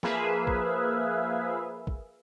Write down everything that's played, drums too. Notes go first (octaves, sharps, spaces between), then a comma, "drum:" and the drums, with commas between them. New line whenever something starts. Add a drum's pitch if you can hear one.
F3 A#3 G#4 B4 E5 F5, drum: snare
drum: kick
drum: kick